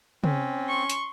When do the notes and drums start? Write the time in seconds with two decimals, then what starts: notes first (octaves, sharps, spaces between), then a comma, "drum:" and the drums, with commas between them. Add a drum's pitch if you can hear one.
0.24 C4 C#4, drum: tom
0.68 C6 C#6
0.90 drum: hi-hat